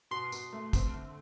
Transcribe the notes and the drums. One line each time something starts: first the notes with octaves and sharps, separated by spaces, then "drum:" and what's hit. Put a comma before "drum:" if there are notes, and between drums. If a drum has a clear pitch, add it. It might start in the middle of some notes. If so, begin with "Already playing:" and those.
B2 C6
B2, drum: tambourine
A3
C4, drum: kick, tambourine
D3